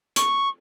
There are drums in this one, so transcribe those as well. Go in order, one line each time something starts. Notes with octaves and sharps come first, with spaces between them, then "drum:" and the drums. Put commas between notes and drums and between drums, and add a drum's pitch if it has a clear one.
C#6, drum: hi-hat